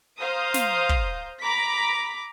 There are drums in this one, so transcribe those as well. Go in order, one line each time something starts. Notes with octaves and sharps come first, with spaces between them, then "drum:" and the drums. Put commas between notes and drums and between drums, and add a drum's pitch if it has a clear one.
C5 F5 A#5 D#6 G6
drum: snare
drum: kick
A#5 B5 D6 B6